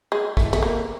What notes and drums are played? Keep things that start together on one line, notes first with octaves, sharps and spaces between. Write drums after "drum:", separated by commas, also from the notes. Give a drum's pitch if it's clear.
G#3
A3, drum: kick
A3, drum: tom
A#3